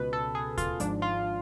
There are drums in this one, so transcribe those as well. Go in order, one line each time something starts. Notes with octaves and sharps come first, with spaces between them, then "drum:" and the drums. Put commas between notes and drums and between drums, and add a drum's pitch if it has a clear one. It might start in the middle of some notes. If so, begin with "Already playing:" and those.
Already playing: C#2 B2 B4
A4
G#4
F4, drum: kick D#2, hi-hat
G#1 G#2 F3 D4, drum: hi-hat
F4